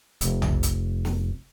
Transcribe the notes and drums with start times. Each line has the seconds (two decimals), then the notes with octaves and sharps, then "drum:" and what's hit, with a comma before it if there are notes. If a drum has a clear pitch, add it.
0.21 F1, drum: hi-hat
0.42 drum: tom
0.63 drum: hi-hat
1.05 drum: snare